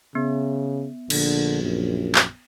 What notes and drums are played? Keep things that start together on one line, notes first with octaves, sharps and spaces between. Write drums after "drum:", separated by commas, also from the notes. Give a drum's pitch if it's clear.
C#3 B3
A#1 D3, drum: cymbal
F#2
drum: clap